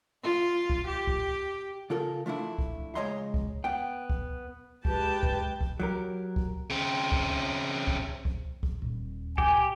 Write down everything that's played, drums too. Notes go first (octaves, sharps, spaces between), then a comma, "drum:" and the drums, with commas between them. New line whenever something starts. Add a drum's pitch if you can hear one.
F4
drum: kick C2
G4
drum: kick C2
C#3 F4 A4 A#4
F3 A3 D4 E4
drum: kick C2
C#2 G#3 C#5 D#5 A#5 C6
drum: kick C2
B3 G5
drum: kick C2
G#3 G4 B4 G5 A5, drum: kick C2
drum: kick C2
drum: kick C2
F#3 G4 A#4
drum: kick C2
C#3 C4
drum: kick C2
drum: kick C2
drum: kick C2
drum: kick C2
D#1
G4 G#5, drum: kick C2